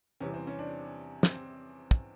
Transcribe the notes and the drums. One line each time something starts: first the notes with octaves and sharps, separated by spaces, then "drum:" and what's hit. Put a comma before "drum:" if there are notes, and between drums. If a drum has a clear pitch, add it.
E2 C3 E3 G3 C#4
C4
C#4
D4
C4, drum: snare
drum: kick